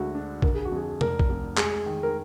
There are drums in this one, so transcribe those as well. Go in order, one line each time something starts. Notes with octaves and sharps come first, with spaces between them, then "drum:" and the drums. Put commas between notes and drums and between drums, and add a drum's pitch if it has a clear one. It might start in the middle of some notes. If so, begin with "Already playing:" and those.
Already playing: D2 D3 G#3 F#4
D4
D3 A#4, drum: kick
G#4
F#4
F2 G#4
F1 A#4, drum: tom C3
drum: kick
F1
G#3 G#4, drum: clap
D#3
A#4